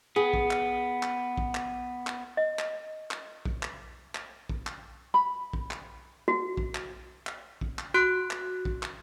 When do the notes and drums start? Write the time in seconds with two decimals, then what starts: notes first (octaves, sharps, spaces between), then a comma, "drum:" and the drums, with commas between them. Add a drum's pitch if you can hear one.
0.16 B3 G#4
0.34 drum: kick A#1
0.51 drum: clap
1.03 drum: clap
1.38 drum: kick A#1
1.55 drum: clap
2.07 drum: clap
2.37 D#5
2.59 drum: clap
3.11 drum: clap
3.45 drum: kick A#1
3.63 drum: clap
4.15 drum: clap
4.49 drum: kick A#1
4.67 drum: clap
5.14 B5
5.53 drum: kick A#1
5.71 drum: clap
6.28 F#4
6.57 drum: kick A#1
6.75 drum: clap
7.27 drum: clap
7.61 drum: kick A#1
7.79 drum: clap
7.94 F#4 C6 F#6 D7
8.31 drum: clap
8.65 drum: kick A#1
8.83 drum: clap